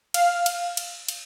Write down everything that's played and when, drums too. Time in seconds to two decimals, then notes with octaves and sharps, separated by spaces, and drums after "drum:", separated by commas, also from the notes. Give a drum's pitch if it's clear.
0.14 F5, drum: cymbal
0.46 drum: cymbal
0.77 drum: cymbal
1.08 drum: cymbal